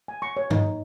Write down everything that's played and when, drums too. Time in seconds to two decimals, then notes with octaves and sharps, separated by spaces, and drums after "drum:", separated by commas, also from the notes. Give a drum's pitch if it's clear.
0.08 G#5
0.22 C#6
0.37 C#5
0.50 D#4, drum: tom G2